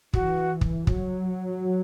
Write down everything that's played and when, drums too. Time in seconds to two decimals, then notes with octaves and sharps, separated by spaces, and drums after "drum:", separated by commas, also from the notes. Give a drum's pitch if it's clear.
0.13 E3 F#4, drum: kick
0.61 drum: kick
0.87 F#3, drum: kick